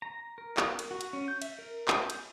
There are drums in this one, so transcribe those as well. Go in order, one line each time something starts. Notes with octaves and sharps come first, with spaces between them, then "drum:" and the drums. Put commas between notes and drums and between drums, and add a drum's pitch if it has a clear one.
A#5
A#4
drum: clap
drum: cymbal
F#4
drum: cymbal
C#4
G6
E5, drum: cymbal
A#4
G6, drum: clap
drum: cymbal